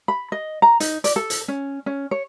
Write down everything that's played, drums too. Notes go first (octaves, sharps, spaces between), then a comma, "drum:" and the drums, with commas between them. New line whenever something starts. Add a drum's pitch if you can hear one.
B5
D#5
A#5
D#4, drum: hi-hat
D5, drum: hi-hat
A4
drum: hi-hat
C#4
C#4
C#5